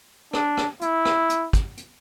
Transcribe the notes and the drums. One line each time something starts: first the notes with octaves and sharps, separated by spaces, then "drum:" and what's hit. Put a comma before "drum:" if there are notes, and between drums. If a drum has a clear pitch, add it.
D4, drum: rim click
drum: rim click
E4, drum: hi-hat
drum: rim click
drum: hi-hat
drum: kick, hi-hat
drum: hi-hat